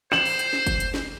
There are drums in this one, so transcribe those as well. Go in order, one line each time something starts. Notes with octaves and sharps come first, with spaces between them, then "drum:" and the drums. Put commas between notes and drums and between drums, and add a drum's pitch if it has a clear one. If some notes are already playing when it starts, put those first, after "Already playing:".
C5 E7 F#7, drum: snare
drum: open hi-hat
drum: hi-hat
drum: snare
drum: kick, hi-hat
drum: hi-hat
drum: snare